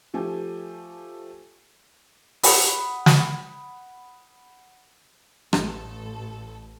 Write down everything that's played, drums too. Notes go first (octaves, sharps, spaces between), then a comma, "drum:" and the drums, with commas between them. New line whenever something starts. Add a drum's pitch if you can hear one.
F3 A3 G4 G#5
F#5 B5 D#6, drum: open hi-hat
drum: snare
A1 A4, drum: rim click